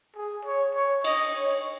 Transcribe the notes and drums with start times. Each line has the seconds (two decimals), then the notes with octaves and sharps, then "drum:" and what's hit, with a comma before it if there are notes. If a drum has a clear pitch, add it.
0.15 G#4
0.45 C#5
0.74 C#5
1.04 D#5, drum: cymbal
1.33 C#5